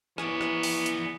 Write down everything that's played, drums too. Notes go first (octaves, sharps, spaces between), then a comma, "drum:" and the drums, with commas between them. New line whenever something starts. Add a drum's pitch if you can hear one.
E3 B3 G#4 C#5 D5, drum: rim click
drum: rim click
drum: open hi-hat
drum: hi-hat